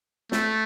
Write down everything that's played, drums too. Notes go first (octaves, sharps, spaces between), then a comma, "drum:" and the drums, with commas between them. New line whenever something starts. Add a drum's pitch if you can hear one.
A3, drum: snare